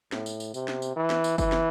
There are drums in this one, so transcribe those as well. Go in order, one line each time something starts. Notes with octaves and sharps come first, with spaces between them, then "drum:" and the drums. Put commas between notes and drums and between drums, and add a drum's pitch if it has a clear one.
A2, drum: snare
drum: tambourine
drum: tambourine
C3, drum: tambourine
drum: snare
drum: tambourine
E3
drum: snare
drum: tambourine
E3, drum: kick F#1, tambourine
drum: snare